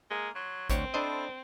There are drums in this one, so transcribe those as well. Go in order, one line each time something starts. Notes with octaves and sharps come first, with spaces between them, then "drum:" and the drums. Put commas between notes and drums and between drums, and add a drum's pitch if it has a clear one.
G#3 A#3 A#4
F#3 C6
D2 C4 C#5, drum: kick A1, hi-hat
D4 E4 A4 C5 D#5